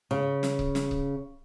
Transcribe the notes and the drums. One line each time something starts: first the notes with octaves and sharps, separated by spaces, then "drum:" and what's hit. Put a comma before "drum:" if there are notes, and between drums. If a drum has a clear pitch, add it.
C#3
drum: snare
drum: kick C#1
drum: snare
drum: kick C#1